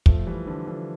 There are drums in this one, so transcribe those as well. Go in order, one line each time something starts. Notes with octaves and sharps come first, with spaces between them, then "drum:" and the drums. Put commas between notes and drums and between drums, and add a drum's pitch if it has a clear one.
F3 A3, drum: kick
E3 G3
D3 F3
D3 F3